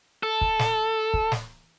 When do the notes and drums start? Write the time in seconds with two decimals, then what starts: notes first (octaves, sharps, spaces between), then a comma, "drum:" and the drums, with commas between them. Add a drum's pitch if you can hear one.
0.23 A4
0.41 drum: kick
0.59 drum: snare
1.14 drum: kick
1.32 drum: snare